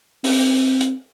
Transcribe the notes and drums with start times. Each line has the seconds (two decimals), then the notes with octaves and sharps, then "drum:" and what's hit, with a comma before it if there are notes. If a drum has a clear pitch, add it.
0.24 C4, drum: open hi-hat
0.81 drum: hi-hat